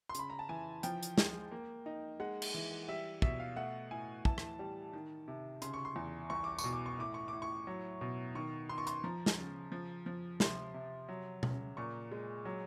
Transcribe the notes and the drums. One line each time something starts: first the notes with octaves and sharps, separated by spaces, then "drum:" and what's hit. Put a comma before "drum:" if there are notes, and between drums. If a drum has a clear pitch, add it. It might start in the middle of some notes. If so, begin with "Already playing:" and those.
C6
C#3 B5, drum: hi-hat
A#5
A5
E3 G#5
F3 G5, drum: hi-hat
drum: hi-hat
G#3, drum: snare
A#3
D#4
G#3 F#5
drum: cymbal
E3
G3 E5
B2 E5, drum: kick
F5
A3 F#5
A2 G#5
E3 A5, drum: kick
drum: rim click
G3
D#3
C3
C#3 C6, drum: hi-hat
C#6
C6
E2
C2 C#6
D6
C#6, drum: tambourine
B2
D6
C#6
A2 D6
C#6
A2 D6
C#6
F#3
B2
D#3 C#6
D#3 C6
C#6
C6, drum: hi-hat
F3 A#5
drum: snare
C#3
F3
F3
C3 C6, drum: snare
C3
F#3
C#3, drum: tom B2
A#2 C#6
G#3
F#3